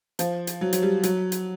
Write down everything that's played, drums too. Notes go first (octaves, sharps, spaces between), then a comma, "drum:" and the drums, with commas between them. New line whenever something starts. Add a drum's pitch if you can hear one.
F3, drum: hi-hat
drum: hi-hat
F#3
F#3, drum: hi-hat
G3
F#3, drum: hi-hat
drum: hi-hat